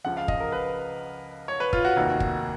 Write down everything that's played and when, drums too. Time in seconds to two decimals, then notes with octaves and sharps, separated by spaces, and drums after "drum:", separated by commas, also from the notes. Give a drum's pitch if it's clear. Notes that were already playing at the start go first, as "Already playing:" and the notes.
0.04 C#2 C#3 F3 F#5
0.17 F5
0.28 D#5, drum: kick
0.40 A#4
0.52 B4
1.48 C#5
1.60 B4
1.73 F4, drum: kick
1.85 F#4
1.96 F1 D#2 D#3
2.20 drum: kick